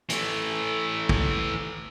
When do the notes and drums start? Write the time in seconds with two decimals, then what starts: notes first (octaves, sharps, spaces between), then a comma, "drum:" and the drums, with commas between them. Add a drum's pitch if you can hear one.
0.10 E3 A3, drum: hi-hat
1.09 drum: kick